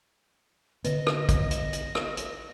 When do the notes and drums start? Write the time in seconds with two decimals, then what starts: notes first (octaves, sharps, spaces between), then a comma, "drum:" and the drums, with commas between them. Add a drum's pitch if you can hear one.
0.84 D3 B3 B4 D#5, drum: hi-hat
1.07 drum: rim click
1.29 drum: kick, hi-hat
1.51 drum: hi-hat
1.73 drum: hi-hat
1.95 drum: rim click
2.17 drum: hi-hat